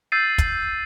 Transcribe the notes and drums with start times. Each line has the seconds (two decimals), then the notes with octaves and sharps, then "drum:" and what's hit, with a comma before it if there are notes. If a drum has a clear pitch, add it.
0.12 E6 G6 A6 C7 D#7
0.38 drum: kick, hi-hat